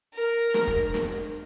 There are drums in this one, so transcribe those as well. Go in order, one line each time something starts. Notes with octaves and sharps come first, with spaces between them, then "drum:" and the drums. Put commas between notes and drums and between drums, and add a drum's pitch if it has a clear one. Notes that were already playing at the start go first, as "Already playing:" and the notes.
A#4
drum: snare
drum: kick
drum: snare